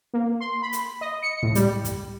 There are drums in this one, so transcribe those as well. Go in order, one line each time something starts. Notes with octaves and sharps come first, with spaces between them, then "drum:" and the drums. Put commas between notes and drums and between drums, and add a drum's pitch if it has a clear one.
A#3
C6
B5
drum: hi-hat
D#5
C#7
A2, drum: kick
G3, drum: hi-hat
drum: kick, hi-hat